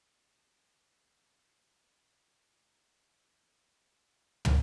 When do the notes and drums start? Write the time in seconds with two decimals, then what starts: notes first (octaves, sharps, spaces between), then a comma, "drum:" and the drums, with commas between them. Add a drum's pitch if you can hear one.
0.04 A3
1.09 F3
1.32 G#3 A#4 C5
1.49 F4 A#4
1.65 C4 A#5
1.78 A3 C#4 D5
1.94 F#3 F4
2.36 C#5
2.84 C#6
3.68 D6
4.02 B2 F3 C#4
4.45 drum: tom